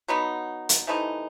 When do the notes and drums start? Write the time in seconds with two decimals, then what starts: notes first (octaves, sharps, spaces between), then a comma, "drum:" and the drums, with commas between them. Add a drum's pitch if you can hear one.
0.08 F#3 B3 D#4
0.69 drum: hi-hat
0.87 C3 E3 A3 D#4